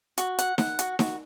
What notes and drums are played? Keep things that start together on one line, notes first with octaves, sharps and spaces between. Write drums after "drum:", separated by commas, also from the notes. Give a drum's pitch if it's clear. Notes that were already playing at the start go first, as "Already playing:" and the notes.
F#4, drum: hi-hat
F#5, drum: hi-hat
F#5, drum: snare D#4
F#4, drum: hi-hat
F#4, drum: snare D#4